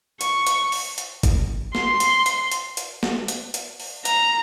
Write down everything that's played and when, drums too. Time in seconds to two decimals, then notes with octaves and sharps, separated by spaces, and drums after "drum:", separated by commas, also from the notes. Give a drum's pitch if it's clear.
0.21 C#6, drum: hi-hat
0.47 drum: hi-hat
0.72 drum: open hi-hat
0.98 drum: hi-hat
1.23 drum: kick G1, hi-hat
1.75 C6, drum: snare
2.00 drum: hi-hat
2.26 drum: hi-hat
2.52 drum: hi-hat
2.77 drum: hi-hat
3.03 drum: snare
3.28 drum: hi-hat
3.54 drum: hi-hat
3.80 drum: open hi-hat
4.05 A#5, drum: hi-hat